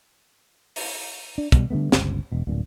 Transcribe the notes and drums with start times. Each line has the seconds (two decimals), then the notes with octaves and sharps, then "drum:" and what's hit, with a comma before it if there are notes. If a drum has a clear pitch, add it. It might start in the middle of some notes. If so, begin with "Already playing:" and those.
0.76 drum: open hi-hat
1.38 D4
1.52 B2 G3, drum: kick, hi-hat
1.70 D3 G3 A3 B3
1.92 G1 C#2, drum: snare
2.32 E1 B2
2.47 D1 G2 A#2